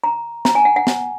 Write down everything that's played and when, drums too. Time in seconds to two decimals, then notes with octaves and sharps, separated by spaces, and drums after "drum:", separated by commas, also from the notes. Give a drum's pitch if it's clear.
0.04 A#5
0.45 A#5, drum: snare
0.55 G#5
0.65 F#5
0.76 F#5
0.87 drum: snare